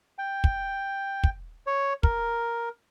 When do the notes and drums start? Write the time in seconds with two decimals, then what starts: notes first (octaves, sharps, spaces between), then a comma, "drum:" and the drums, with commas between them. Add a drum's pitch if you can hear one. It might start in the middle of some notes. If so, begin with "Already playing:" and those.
0.18 G5
0.44 drum: kick
1.24 drum: kick
1.67 C#5
2.03 A#4, drum: kick